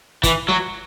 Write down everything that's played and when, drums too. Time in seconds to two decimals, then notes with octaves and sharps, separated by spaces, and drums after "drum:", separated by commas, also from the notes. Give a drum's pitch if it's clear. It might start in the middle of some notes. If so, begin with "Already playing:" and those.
0.23 E3, drum: kick, hi-hat
0.48 F#3